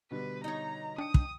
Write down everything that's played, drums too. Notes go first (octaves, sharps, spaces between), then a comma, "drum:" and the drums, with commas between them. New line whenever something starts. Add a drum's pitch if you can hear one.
B2 D3 G3 B4
D#4 C#5 A#5
D4 G5 D#6 C#7
drum: kick